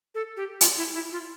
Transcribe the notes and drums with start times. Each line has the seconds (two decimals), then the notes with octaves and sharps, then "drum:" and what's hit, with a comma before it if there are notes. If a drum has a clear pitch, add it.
0.15 A4
0.37 G4
0.61 F4, drum: hi-hat
0.77 E4
0.94 E4
1.12 F4